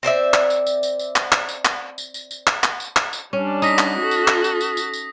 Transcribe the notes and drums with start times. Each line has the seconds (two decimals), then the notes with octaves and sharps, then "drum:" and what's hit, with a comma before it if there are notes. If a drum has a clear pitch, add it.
0.03 C4 C5 D5 E5
0.34 drum: clap
0.50 drum: tambourine
0.67 drum: tambourine
0.83 drum: tambourine
0.99 drum: tambourine
1.16 drum: clap
1.32 drum: clap
1.49 drum: tambourine
1.65 drum: clap
1.98 drum: tambourine
2.14 drum: tambourine
2.31 drum: tambourine
2.47 drum: clap
2.64 drum: clap
2.80 drum: tambourine
2.96 drum: clap
3.13 drum: tambourine
3.33 G3 C#4 D4
3.62 D#4 D#6 A#6 B6, drum: tambourine
3.79 drum: clap
3.98 F#4 A4
4.11 drum: tambourine
4.28 drum: clap
4.44 drum: tambourine
4.61 drum: tambourine
4.77 drum: tambourine
4.93 drum: tambourine